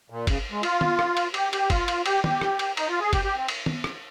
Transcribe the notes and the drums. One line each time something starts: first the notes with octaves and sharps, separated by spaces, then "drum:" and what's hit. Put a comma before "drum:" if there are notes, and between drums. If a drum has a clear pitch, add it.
A#2
C#3, drum: kick, cymbal
G#3
F4, drum: cymbal
drum: tom
drum: rim click
drum: cymbal
G4, drum: cymbal
G4, drum: cymbal
F4, drum: kick, cymbal
drum: cymbal
G4, drum: cymbal
G4, drum: tom
drum: rim click
drum: cymbal
D#4, drum: cymbal
F4
G#4
G4, drum: kick, cymbal
G4
C4
drum: cymbal
drum: tom
drum: rim click